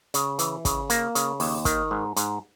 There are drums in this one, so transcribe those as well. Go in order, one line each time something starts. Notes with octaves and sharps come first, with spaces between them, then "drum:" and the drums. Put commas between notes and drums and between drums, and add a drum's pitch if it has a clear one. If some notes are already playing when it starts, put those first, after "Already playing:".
C#3, drum: hi-hat
E3, drum: hi-hat
C#3, drum: kick, hi-hat
A#3, drum: hi-hat
C#3, drum: hi-hat
D#2, drum: open hi-hat
D#3, drum: kick, hi-hat
G#2
G#2, drum: hi-hat